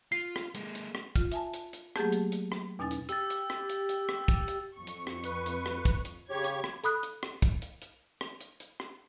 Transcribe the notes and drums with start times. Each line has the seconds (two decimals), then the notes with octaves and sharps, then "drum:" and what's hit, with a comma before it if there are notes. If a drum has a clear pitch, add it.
0.12 F4 C7
0.36 drum: rim click
0.55 G#3 A#3, drum: hi-hat
0.75 drum: hi-hat
0.95 drum: rim click
1.16 F4, drum: kick, hi-hat
1.32 E5 G#5 A5, drum: hi-hat
1.54 drum: hi-hat
1.73 drum: hi-hat
1.96 F#3 A3 A#3 G4 G#4 A5, drum: rim click
2.12 drum: hi-hat
2.32 drum: hi-hat
2.52 drum: rim click
2.79 E2 B2 C#4 D#4 G#5 A6
2.91 drum: hi-hat
3.09 G4 E6 A6, drum: hi-hat
3.30 drum: hi-hat
3.50 drum: rim click
3.69 drum: hi-hat
3.89 drum: hi-hat
4.09 drum: rim click
4.28 drum: kick, hi-hat
4.48 drum: hi-hat
4.76 F2 C#6
4.87 drum: hi-hat
5.07 drum: rim click
5.24 B4, drum: hi-hat
5.46 drum: hi-hat
5.66 drum: rim click
5.85 drum: kick, hi-hat
6.05 drum: hi-hat
6.30 C#3 G4 C#5 G#6
6.44 drum: hi-hat
6.64 drum: rim click
6.84 A4 B5 D#6 F#6, drum: hi-hat
7.03 drum: hi-hat
7.23 drum: rim click
7.42 drum: kick, hi-hat
7.62 drum: hi-hat
7.82 drum: hi-hat
8.21 drum: rim click
8.41 drum: hi-hat
8.60 drum: hi-hat
8.80 drum: rim click